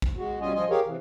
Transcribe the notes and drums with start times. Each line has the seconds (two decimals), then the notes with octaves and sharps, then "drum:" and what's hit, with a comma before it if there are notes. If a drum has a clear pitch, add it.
0.02 drum: kick G#1
0.17 G#3 F#4
0.41 B2 G3 C#4 F4 D#5 G#5
0.55 F3 F4 D#5 G#5
0.70 G4 G#4 A#4 C#5 F5
0.86 C3 E3